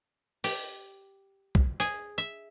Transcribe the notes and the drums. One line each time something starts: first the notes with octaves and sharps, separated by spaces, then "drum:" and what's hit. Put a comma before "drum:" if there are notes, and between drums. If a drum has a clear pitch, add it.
G4, drum: open hi-hat
drum: kick
G#4, drum: hi-hat
E5